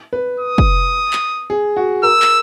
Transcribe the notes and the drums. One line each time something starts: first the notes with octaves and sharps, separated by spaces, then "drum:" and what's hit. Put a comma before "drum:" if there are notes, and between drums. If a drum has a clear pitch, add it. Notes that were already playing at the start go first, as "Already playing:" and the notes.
B4
D#6
drum: kick
drum: clap
G#4
F#4
A#4 E6
drum: clap